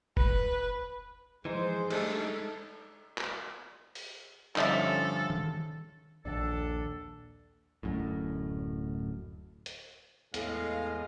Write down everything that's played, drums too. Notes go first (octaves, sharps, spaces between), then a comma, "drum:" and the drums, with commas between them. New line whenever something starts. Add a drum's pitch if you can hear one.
B4, drum: kick F1
E3 F3 G#3 D#4 C5
G3 A3 D4 D#4 A4, drum: cymbal
drum: clap
drum: open hi-hat
G2 D3 F3 C#4 D#4 A4 D5 E5, drum: clap
drum: tom D#3
A#1 D#2 A#2 D4 A4
D1 F#2 A2
drum: hi-hat
E2 A2 G#3 B3 D#5 F5, drum: hi-hat